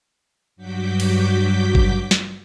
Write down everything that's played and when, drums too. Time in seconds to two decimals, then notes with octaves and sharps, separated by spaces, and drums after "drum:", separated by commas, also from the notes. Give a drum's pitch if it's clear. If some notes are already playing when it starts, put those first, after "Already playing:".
0.56 G2 F#3 F#4 D6 G6 B6
1.00 drum: cymbal
1.75 drum: kick G#1
2.11 drum: snare